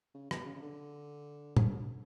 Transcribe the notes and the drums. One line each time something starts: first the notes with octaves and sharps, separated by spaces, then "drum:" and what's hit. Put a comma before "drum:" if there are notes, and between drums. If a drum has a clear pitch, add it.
C#3
B2, drum: rim click
C#3
C#3
D3
D3, drum: tom